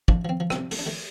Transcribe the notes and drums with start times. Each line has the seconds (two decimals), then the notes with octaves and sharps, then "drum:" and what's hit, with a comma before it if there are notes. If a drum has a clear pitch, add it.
0.08 F3 D4, drum: kick
0.25 F3 C4
0.40 F3
0.50 C4, drum: rim click
0.56 C3
0.71 A3 E4, drum: open hi-hat
0.79 D4
0.86 A3 E4